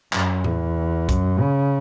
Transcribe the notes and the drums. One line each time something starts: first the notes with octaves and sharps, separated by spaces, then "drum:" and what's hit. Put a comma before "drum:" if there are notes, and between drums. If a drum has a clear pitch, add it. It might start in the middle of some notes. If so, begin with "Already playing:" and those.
F#2, drum: clap
E2, drum: tom A2
F#2, drum: kick, hi-hat
C#3